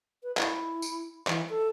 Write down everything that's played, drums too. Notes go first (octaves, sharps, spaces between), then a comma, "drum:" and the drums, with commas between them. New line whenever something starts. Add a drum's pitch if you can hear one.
B4
E4, drum: clap
drum: tambourine
E3, drum: clap
A4